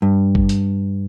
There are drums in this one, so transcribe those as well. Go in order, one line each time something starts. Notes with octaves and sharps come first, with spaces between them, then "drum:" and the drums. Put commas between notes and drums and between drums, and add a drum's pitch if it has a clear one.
G2
drum: kick
drum: hi-hat